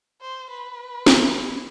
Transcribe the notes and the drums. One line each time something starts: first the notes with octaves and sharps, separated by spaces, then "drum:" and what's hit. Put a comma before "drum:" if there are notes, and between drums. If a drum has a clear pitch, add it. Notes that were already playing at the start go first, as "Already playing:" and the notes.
C5
B4
drum: snare